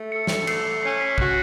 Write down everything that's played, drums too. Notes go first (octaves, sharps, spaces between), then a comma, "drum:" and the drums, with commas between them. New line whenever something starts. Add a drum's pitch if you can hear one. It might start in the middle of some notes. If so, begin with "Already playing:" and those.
Already playing: A3
A4 C#7
drum: snare
A3 C7, drum: cymbal
C#4 C7
B6
F#4 C7, drum: kick A1